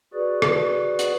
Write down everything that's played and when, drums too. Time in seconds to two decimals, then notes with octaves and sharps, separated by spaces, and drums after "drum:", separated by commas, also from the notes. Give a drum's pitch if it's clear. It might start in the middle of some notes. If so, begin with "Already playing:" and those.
0.14 F#4 G#4 B4 D5
0.42 drum: rim click
0.99 drum: hi-hat